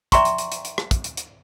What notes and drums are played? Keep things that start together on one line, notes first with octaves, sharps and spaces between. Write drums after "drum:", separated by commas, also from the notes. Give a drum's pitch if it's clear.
D5 E5 G5 A#5 C6 C#6, drum: kick, hi-hat
drum: hi-hat
drum: hi-hat
drum: hi-hat
drum: hi-hat
drum: rim click
drum: kick, hi-hat
drum: hi-hat
drum: hi-hat